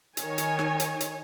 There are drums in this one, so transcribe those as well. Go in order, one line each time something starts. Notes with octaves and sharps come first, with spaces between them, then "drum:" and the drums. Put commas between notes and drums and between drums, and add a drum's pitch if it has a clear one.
D#3 C#5 G#5, drum: hi-hat
drum: hi-hat
drum: rim click
drum: hi-hat
drum: hi-hat